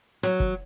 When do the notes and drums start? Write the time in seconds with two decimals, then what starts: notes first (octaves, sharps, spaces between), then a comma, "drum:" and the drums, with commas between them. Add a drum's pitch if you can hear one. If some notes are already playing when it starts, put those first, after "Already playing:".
0.23 F#3, drum: snare
0.40 drum: kick